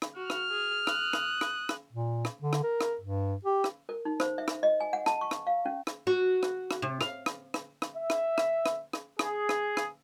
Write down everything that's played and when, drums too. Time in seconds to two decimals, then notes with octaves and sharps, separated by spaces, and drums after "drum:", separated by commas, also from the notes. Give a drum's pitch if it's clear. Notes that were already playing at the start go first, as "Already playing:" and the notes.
0.02 drum: rim click
0.16 F#4 F6
0.30 drum: rim click
0.51 G#4
0.87 D#6 F#6, drum: rim click
1.13 drum: rim click
1.41 drum: rim click
1.69 drum: rim click
1.93 A#2
2.25 drum: rim click
2.42 D3
2.53 drum: rim click
2.64 A#4
2.81 drum: rim click
3.01 G2
3.45 G4
3.64 drum: rim click
3.89 A#4
4.05 D#4
4.20 C5, drum: rim click
4.38 E5
4.48 drum: rim click
4.63 D#5
4.80 G#5
4.93 F#5
5.06 A5, drum: rim click
5.21 C#6
5.31 drum: rim click
5.47 F5
5.65 C#4
5.87 drum: rim click
6.07 F#4
6.43 drum: rim click
6.71 drum: rim click
6.82 C3
7.01 F5, drum: rim click
7.26 drum: rim click
7.54 drum: rim click
7.82 drum: rim click
7.95 E5
8.10 drum: rim click
8.38 drum: rim click
8.66 drum: rim click
8.93 drum: rim click
9.19 G#4, drum: rim click
9.49 drum: rim click
9.77 drum: rim click